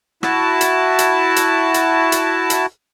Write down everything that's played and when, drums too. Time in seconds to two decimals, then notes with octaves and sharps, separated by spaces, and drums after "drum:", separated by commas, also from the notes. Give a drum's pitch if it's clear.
0.23 E4 F#4 A5, drum: rim click
0.61 drum: hi-hat
0.99 drum: hi-hat
1.36 drum: hi-hat
1.74 drum: hi-hat
2.12 drum: hi-hat
2.50 drum: hi-hat